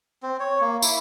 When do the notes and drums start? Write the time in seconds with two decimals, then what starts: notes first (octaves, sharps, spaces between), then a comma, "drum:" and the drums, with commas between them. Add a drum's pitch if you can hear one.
0.23 C4
0.40 C#5
0.61 A#3
0.82 E4, drum: tambourine